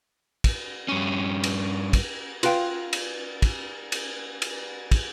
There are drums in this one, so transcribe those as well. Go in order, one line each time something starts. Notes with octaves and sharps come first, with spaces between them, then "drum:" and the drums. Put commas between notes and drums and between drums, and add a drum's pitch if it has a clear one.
drum: kick, cymbal
G2 C#4
drum: cymbal
drum: kick, cymbal
F4 B4 F5 G5, drum: cymbal
drum: cymbal
drum: kick, cymbal
drum: cymbal
drum: cymbal
drum: kick, cymbal